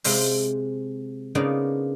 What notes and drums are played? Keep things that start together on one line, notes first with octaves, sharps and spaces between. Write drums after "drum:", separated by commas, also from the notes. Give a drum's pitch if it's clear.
C3 G#3 C5 F5, drum: open hi-hat
C#3 A#3 B3 D4 D#4 F4